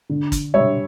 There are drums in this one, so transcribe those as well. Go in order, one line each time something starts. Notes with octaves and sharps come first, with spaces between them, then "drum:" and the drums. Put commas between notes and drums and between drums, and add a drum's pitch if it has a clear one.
D3
drum: kick, hi-hat
G3 C#5 E5